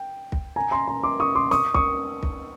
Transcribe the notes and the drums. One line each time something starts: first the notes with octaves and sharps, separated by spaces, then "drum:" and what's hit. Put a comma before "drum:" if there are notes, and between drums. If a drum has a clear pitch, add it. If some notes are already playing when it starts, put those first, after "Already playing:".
Already playing: G5
drum: kick
G#5 A#5
A#5 C6
A#5 C6
C6 D6
C#6 D#6
C6 D6
C#6 D#6, drum: snare
C#6 D#6, drum: kick
drum: kick